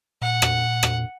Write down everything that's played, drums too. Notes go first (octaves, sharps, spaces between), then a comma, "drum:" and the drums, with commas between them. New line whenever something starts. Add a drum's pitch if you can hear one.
A#2 F#5
drum: rim click
drum: rim click